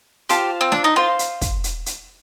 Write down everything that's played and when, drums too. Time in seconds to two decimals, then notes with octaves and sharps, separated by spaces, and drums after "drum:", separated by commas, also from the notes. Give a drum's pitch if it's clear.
0.29 F4 G4 C5 F5 A5, drum: hi-hat
0.61 C4
0.72 D4, drum: snare
0.84 D#4
0.96 F4 C5 F5 C6
1.19 drum: hi-hat
1.41 drum: kick, hi-hat
1.64 drum: hi-hat
1.86 drum: hi-hat